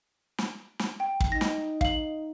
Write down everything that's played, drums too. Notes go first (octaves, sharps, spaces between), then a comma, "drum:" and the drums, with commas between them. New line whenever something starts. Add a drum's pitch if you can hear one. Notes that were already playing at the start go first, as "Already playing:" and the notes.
drum: snare
drum: snare
G5
drum: kick
D#4 A#6
drum: snare
F5 F#7, drum: kick